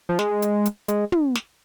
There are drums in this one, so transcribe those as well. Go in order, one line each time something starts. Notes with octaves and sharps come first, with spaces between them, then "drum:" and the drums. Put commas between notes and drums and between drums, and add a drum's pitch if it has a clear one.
F3
G#3, drum: snare
drum: hi-hat
drum: hi-hat
G#3, drum: hi-hat
drum: tom
drum: snare